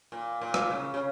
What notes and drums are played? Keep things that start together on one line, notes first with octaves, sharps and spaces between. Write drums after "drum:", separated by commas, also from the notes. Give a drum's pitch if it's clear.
A#2
A#2
drum: rim click
C#3
C#3